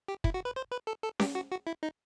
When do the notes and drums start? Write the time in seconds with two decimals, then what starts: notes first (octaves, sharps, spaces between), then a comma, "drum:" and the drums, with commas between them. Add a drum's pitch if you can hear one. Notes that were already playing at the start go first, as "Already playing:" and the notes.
0.08 G4
0.24 E4, drum: kick
0.34 F#4
0.45 B4
0.56 C5
0.72 B4
0.87 A4
1.03 A4
1.20 G4, drum: snare C#4
1.35 F#4
1.51 F#4
1.67 E4
1.83 D#4